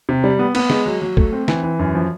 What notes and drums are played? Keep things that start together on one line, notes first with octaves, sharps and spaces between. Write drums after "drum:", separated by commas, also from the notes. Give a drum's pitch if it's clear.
C3
G3
B3
B3, drum: cymbal
G#3, drum: snare
F#3
F#3
A3, drum: kick
C4
E3, drum: snare
E3
F#2
F3